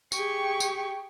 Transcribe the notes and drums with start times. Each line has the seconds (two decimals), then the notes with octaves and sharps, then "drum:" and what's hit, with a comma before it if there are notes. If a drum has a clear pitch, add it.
0.12 G4 G#4 G5 C#6, drum: tambourine
0.60 drum: tambourine